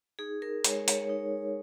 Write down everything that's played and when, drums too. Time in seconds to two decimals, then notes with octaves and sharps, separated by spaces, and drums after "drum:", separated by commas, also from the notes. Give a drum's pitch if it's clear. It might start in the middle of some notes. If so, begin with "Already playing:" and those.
0.19 D#4 G#4
0.42 A#4
0.64 G#3 C#5, drum: hi-hat
0.88 C#5, drum: hi-hat
1.09 D#4